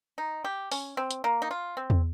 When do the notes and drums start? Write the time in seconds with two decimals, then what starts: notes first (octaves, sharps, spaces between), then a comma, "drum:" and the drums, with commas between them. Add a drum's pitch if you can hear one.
0.18 D#4
0.44 G4
0.72 C#4, drum: open hi-hat
0.97 C4
1.11 drum: hi-hat
1.24 A#3
1.42 D#4
1.51 F4
1.77 C4
1.90 drum: tom E2